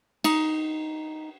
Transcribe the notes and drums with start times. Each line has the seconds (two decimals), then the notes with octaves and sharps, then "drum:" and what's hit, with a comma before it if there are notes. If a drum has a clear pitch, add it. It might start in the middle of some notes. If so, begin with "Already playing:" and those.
0.24 D#4, drum: cymbal